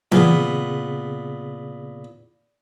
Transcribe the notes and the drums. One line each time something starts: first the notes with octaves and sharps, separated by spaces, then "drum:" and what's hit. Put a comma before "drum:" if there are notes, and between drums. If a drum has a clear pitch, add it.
A#2 C#3 B3 C4 G#4, drum: tom E3